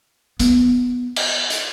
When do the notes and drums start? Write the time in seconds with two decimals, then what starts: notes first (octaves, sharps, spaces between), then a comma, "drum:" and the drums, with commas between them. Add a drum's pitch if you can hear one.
0.39 B3, drum: hi-hat
1.16 drum: cymbal
1.50 drum: hi-hat